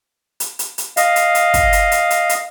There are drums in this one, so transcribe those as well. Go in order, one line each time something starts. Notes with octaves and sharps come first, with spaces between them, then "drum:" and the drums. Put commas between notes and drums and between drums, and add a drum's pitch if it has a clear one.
drum: hi-hat
drum: hi-hat
drum: hi-hat
D#5 F5, drum: hi-hat
drum: hi-hat
drum: hi-hat
drum: kick, hi-hat
drum: hi-hat
drum: hi-hat
drum: hi-hat
drum: hi-hat